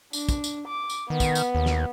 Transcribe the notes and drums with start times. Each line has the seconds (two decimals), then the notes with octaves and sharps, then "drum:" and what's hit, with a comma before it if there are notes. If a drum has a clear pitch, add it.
0.13 D4, drum: tambourine
0.29 drum: kick, tambourine
0.44 drum: tambourine
0.68 D6
0.90 drum: tambourine
1.10 D#3 B3
1.20 drum: kick, tambourine
1.35 drum: tambourine
1.55 D#2
1.66 drum: snare